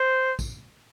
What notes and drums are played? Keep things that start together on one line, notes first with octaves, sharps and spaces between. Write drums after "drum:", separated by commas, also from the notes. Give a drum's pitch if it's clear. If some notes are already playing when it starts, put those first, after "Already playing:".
Already playing: C5
drum: kick, tambourine